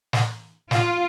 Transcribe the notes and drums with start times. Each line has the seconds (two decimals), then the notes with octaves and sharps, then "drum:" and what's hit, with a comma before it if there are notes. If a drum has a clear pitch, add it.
0.13 drum: snare
0.71 F4, drum: snare